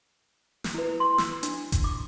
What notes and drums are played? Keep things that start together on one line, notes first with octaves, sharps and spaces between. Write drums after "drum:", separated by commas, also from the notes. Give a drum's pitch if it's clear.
drum: snare
E4 B4
C6
E6, drum: snare
D4, drum: hi-hat
drum: kick F#1, hi-hat
D6